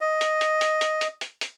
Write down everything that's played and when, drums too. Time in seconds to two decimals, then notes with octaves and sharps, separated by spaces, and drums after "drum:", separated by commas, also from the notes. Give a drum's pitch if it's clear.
0.01 D#5
0.21 drum: hi-hat
0.41 drum: hi-hat
0.61 drum: hi-hat
0.81 drum: hi-hat
1.01 drum: hi-hat
1.21 drum: hi-hat
1.41 drum: hi-hat